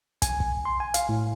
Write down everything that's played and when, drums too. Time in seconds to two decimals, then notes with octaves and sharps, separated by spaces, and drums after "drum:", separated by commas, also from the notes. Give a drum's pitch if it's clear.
0.22 G#5, drum: kick, hi-hat
0.40 drum: kick
0.65 C6
0.80 G#5
0.94 F5, drum: hi-hat
1.09 A2